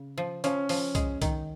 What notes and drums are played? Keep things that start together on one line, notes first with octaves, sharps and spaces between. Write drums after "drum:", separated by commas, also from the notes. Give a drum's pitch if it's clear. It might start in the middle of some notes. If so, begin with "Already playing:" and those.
Already playing: C#3
F3
F3 C#4, drum: hi-hat
F3, drum: open hi-hat
G#3, drum: kick C2, hi-hat
D#3, drum: kick C2, hi-hat